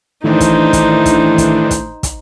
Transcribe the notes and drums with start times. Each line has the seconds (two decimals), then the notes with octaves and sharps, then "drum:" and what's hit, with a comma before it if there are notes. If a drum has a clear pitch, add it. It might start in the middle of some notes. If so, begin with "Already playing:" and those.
0.24 A2 D#3 E3 D4 D#4 C5
0.40 drum: kick, hi-hat
0.73 drum: kick, hi-hat
1.06 drum: kick, hi-hat
1.38 drum: kick, hi-hat
1.71 drum: kick, hi-hat
2.03 drum: kick, hi-hat